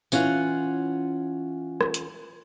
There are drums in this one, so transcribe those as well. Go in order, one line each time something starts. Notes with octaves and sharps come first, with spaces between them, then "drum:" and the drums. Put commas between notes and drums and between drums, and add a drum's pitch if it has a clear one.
E3 C#4 F4 F#5, drum: tambourine
drum: rim click
drum: hi-hat